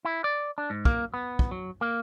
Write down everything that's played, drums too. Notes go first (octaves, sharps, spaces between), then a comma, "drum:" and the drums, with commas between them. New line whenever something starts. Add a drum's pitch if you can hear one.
E4
D5
D4
G#2
A#3, drum: kick
B3
drum: kick
F#3
A#3